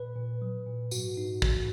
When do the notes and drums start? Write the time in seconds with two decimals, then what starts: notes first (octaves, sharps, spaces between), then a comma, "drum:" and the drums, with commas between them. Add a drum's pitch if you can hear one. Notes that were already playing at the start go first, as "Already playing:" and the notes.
Already playing: A#2 B4
0.16 A#2
0.42 F#3
0.67 A#2
0.91 G#2 F#4, drum: tambourine
1.17 G#2 D#4
1.42 E3 F#4, drum: kick